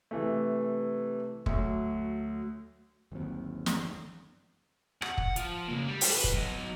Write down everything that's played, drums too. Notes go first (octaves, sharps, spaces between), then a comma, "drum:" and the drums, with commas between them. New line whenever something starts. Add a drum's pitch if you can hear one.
C3 E3 A3
D2 F#3, drum: kick
G1 D#2 D#3 F#3 C4
drum: snare
F#5, drum: rim click
drum: kick
F3, drum: hi-hat
C#3 A#3
G3
drum: open hi-hat
B4
drum: kick
F#3 D#5